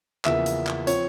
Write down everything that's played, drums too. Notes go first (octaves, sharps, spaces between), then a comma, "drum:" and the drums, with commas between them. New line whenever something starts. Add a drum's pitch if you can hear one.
E2 C#3 F3 A#3 E5, drum: clap
drum: hi-hat
drum: clap
F3 C4 C#5, drum: hi-hat